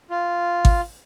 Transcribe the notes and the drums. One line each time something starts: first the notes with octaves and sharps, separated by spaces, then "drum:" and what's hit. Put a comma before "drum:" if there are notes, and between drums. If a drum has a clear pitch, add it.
F4
drum: kick G#1